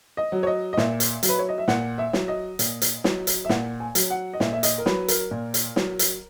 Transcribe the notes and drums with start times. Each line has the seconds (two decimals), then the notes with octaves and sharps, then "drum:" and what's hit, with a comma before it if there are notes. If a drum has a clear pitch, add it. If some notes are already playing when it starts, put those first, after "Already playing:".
0.17 D#5
0.32 F#3
0.43 C#5
0.47 D#5
0.73 D#5
0.77 A#2 E5, drum: snare
1.00 drum: hi-hat
1.23 F#3, drum: hi-hat
1.29 B4
1.39 C#5
1.49 D#5
1.58 E5
1.68 A#2 F#5, drum: snare
1.98 E5
2.13 F#3, drum: snare
2.28 D#5
2.59 A#2, drum: hi-hat
2.82 drum: hi-hat
3.04 F#3, drum: snare
3.27 drum: hi-hat
3.45 E5
3.49 A#2 F#5, drum: snare
3.80 G#5
3.95 F#3, drum: hi-hat
4.10 F#5
4.33 D#5
4.40 A#2 E5, drum: snare
4.53 E5
4.63 D#5, drum: hi-hat
4.78 A#4
4.86 F#3 B4, drum: snare
5.08 A#4, drum: hi-hat
5.31 A#2
5.54 drum: hi-hat
5.76 F#3, drum: snare
5.99 drum: hi-hat